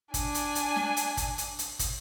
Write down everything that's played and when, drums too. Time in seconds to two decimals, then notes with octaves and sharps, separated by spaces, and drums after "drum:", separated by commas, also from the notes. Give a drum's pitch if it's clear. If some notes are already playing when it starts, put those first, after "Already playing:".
0.14 D4 G#5, drum: kick, hi-hat
0.34 drum: hi-hat
0.55 drum: hi-hat
0.76 drum: snare
0.97 drum: hi-hat
1.17 drum: kick, hi-hat
1.38 drum: hi-hat
1.59 drum: hi-hat
1.79 drum: kick, hi-hat